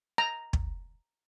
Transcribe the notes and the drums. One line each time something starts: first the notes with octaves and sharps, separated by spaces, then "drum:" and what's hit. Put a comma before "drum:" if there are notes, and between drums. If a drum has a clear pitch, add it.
A#5
drum: kick